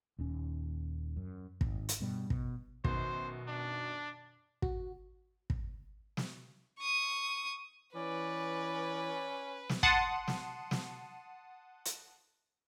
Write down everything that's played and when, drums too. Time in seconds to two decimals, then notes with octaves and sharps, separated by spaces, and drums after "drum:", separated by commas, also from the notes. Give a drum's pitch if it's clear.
0.19 D#1 D#2 C#4
1.16 F#2
1.61 G#1, drum: kick
1.89 drum: hi-hat
2.01 G2 B2 G3
2.30 B2, drum: kick
2.84 F#2 B2 D#3 C5, drum: kick
3.48 D4
4.62 F#4, drum: kick
5.50 drum: kick
6.17 drum: snare
6.79 C#6 D#6
7.96 E3 C#4 B4 D5
9.69 drum: snare
9.83 F#5 A5 C6 D#6, drum: kick
10.28 drum: snare
10.71 drum: snare
11.85 drum: hi-hat